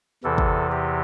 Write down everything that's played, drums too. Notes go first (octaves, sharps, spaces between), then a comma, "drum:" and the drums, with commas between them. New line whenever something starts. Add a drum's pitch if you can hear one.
E2 C3 E3 A4
drum: kick
G4